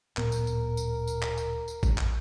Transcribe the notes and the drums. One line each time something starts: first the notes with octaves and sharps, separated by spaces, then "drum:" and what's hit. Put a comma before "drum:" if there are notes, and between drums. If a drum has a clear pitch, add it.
D1 A#2 B3 A#4, drum: clap
drum: tambourine
drum: tambourine
drum: tambourine
drum: tambourine
drum: clap
drum: tambourine
drum: tambourine
drum: kick, tambourine
drum: clap